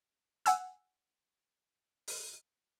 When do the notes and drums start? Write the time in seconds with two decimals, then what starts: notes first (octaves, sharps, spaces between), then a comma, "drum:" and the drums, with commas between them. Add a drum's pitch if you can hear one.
0.46 F#5 G#5 E6, drum: hi-hat
2.08 drum: open hi-hat